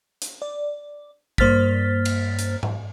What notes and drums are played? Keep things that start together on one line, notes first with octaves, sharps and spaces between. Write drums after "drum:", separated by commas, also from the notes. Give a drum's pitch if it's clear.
drum: hi-hat
D5
G2 A#3 C5 F6 A6 B6, drum: kick
drum: cymbal
drum: hi-hat
drum: tom G#2